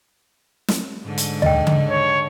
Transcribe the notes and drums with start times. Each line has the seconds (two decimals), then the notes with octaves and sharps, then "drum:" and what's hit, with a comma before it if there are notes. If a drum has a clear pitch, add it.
0.68 drum: snare
1.04 G#2 D3
1.18 drum: hi-hat
1.42 D#5 G5, drum: tom
1.67 drum: tom C#3
1.90 C#5